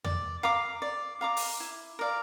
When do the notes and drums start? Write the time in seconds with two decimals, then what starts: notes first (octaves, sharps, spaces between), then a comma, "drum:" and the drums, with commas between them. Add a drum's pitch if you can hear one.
0.04 D5, drum: tom E2
0.43 F5 A#5 D6
0.82 D5
1.21 F5 A#5 D6
1.37 drum: open hi-hat
1.60 E4
1.99 A#4 D5 F5